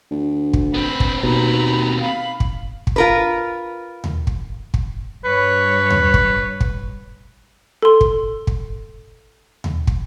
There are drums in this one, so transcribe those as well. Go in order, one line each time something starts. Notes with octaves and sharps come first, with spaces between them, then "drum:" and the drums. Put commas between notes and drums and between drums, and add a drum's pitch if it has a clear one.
D2
drum: kick
B3 C4 B5
drum: kick
D#2 B2 A#5 B5
F5 B5
drum: kick
drum: kick
F4 A#4 B4
drum: tom D#2
drum: kick
drum: kick
G2 B4 C#5
drum: tom D#2
drum: kick
drum: kick
A4 C6
drum: kick
drum: kick
drum: tom D#2
drum: kick